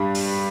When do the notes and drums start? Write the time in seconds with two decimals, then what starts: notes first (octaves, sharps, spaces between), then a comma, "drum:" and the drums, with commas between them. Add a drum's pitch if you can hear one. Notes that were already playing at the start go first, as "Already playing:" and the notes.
Already playing: G2 G3 D4
0.15 drum: open hi-hat